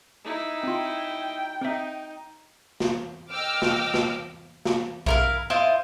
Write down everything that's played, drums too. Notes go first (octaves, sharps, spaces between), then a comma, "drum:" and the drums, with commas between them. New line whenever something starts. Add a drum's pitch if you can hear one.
D#4 E4
C4 F4 G5
C4 D#4 E5
drum: snare
D#5 G5 D6 E6 F6
drum: snare
drum: snare
drum: snare
E4 A#4 F5, drum: kick B1
E4 F4 C5 D#5